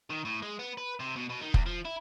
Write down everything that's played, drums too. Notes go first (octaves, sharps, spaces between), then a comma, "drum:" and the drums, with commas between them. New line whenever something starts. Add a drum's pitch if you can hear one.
D#3
A2
G#3
B3
B4
C3
B2
B2
D#3
E2, drum: kick
F3
E4